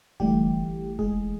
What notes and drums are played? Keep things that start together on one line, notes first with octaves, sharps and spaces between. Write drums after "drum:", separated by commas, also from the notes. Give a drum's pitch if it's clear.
G1 G2 E3 G3 A3 G4, drum: kick E1
G#3 G#4, drum: kick E1